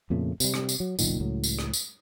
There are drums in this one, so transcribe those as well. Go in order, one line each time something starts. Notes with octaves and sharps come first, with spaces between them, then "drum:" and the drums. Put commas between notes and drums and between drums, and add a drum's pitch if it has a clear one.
F2 A#2 C#3 A3
C3 G3, drum: tambourine
drum: rim click
drum: tambourine
F#3
F#1 B1 A#2 D#3, drum: tambourine
C#2 A2 F#3
drum: tambourine
drum: rim click
drum: tambourine